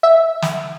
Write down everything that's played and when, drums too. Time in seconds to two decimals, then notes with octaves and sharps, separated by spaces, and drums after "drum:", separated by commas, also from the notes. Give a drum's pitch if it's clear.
0.03 E5
0.42 drum: snare